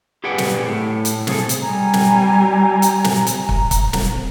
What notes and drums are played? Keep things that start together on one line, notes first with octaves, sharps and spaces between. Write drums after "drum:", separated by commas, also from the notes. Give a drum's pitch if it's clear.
G4 G#4 B4 D5 F#5 G5
drum: snare
A2
drum: hi-hat
C3 G#4 A4, drum: snare
drum: hi-hat
G3 G#5 A#5
drum: snare
drum: hi-hat
drum: snare
drum: hi-hat
drum: kick
drum: kick, hi-hat
drum: snare